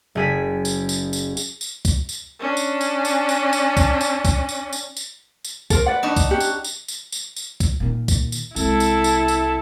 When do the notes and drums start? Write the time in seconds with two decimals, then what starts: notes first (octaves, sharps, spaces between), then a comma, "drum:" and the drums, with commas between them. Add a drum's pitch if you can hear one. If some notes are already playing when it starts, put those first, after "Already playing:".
0.15 F#1 G#4 B6
0.65 drum: tambourine
0.89 drum: tambourine
1.13 drum: tambourine
1.37 drum: tambourine
1.61 drum: tambourine
1.85 drum: kick C2, tambourine
2.09 drum: tambourine
2.40 C#4 D4
2.57 drum: tambourine
2.81 drum: tambourine
3.05 drum: tambourine
3.29 drum: tambourine
3.53 drum: tambourine
3.77 drum: kick C2, tambourine
4.01 drum: tambourine
4.25 drum: kick C2, tambourine
4.49 drum: tambourine
4.73 drum: tambourine
4.97 drum: tambourine
5.45 drum: tambourine
5.70 A4 A#4 C5, drum: kick C2, tambourine
5.86 B4 D5 F#5
6.03 D4 D#4 F#4
6.16 drum: kick C2, tambourine
6.31 C#4 G4 F#5
6.40 drum: tambourine
6.64 drum: tambourine
6.88 drum: tambourine
7.12 drum: tambourine
7.36 drum: tambourine
7.60 drum: kick C2, tambourine
7.80 A#2 D#3
8.08 drum: kick C2, tambourine
8.32 drum: tambourine
8.56 C2 G#3 E4 A4, drum: tambourine
8.80 drum: tambourine
9.04 drum: tambourine
9.28 drum: tambourine